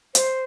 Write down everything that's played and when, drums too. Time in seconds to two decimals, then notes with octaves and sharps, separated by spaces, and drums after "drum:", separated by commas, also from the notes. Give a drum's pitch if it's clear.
0.15 C5, drum: hi-hat